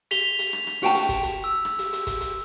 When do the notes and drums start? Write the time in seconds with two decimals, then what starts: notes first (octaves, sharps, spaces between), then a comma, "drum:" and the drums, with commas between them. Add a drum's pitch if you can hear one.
0.11 B6 F7 G7, drum: hi-hat
0.39 drum: hi-hat
0.53 drum: rim click
0.67 drum: rim click
0.83 F#4 G5 A5, drum: hi-hat
0.95 drum: hi-hat
1.09 drum: kick, hi-hat
1.23 drum: hi-hat
1.44 E6
1.65 drum: rim click
1.79 drum: hi-hat
1.93 drum: hi-hat
2.07 drum: kick, hi-hat
2.21 drum: hi-hat